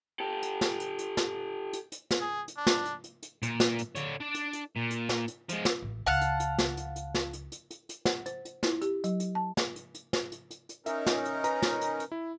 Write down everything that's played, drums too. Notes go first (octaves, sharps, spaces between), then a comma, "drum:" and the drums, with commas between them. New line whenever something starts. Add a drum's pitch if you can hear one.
G4 A4
drum: hi-hat
drum: snare
drum: hi-hat
drum: hi-hat
drum: snare
drum: hi-hat
drum: hi-hat
drum: snare
G#4
drum: hi-hat
D4
drum: snare
drum: hi-hat
drum: hi-hat
drum: hi-hat
A#2, drum: hi-hat
drum: snare
drum: hi-hat
D3 C#5, drum: hi-hat
D4 D5
drum: hi-hat
drum: hi-hat
A#2
drum: hi-hat
drum: snare
drum: hi-hat
F3 G#3, drum: hi-hat
drum: snare
A1
C#2 F5 F#5 A5
drum: hi-hat
drum: hi-hat
drum: snare
drum: hi-hat
drum: hi-hat
drum: snare
drum: hi-hat
drum: hi-hat
drum: hi-hat
drum: hi-hat
F#5, drum: snare
C5, drum: hi-hat
drum: hi-hat
E4, drum: snare
G4, drum: hi-hat
F#3, drum: hi-hat
drum: hi-hat
A5
drum: snare
drum: hi-hat
drum: hi-hat
drum: snare
drum: hi-hat
drum: hi-hat
drum: hi-hat
C#4 D#4 A#4 E5, drum: hi-hat
drum: snare
drum: hi-hat
B4 A#5, drum: hi-hat
drum: snare
drum: hi-hat
drum: hi-hat
E4